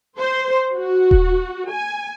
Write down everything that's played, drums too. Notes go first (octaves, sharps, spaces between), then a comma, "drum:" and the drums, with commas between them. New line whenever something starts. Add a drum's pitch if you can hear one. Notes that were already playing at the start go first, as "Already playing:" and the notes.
C5
F#4
drum: kick D#1
G#5